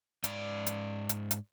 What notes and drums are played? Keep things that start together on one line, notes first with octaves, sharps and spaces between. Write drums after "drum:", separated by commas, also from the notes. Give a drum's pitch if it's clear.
G#2 D5, drum: hi-hat
drum: hi-hat
drum: hi-hat
drum: hi-hat